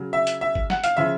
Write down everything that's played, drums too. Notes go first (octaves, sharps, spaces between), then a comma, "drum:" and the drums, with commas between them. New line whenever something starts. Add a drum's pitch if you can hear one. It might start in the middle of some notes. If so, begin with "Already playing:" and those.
Already playing: C#3 F#3
E5
drum: hi-hat
E5
drum: kick G1
F#5, drum: snare
F5, drum: hi-hat
C#3 F3 E5